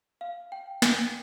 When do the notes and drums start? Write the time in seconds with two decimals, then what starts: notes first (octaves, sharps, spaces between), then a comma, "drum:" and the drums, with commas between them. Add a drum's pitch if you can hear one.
0.21 F5
0.52 G5
0.82 G#5, drum: snare